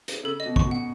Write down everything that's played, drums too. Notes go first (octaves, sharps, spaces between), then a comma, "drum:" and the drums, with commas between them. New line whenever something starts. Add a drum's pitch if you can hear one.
drum: hi-hat
C#3 A4
D#5
B2
C#6, drum: kick
B2
F#5